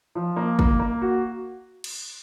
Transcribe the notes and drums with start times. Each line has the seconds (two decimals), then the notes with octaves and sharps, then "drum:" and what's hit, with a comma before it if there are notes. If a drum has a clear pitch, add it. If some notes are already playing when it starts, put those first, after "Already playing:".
0.15 F3
0.36 A#3
0.59 A#3, drum: kick
0.79 A#3
1.02 F#4
1.84 drum: cymbal